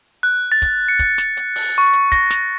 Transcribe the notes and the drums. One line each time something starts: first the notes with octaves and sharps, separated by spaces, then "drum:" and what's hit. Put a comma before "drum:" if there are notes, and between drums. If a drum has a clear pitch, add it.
F#6
A6
drum: kick, hi-hat
C#7
drum: kick, hi-hat
drum: snare
drum: hi-hat
drum: open hi-hat
C#6
drum: hi-hat
A#6, drum: kick, hi-hat
drum: snare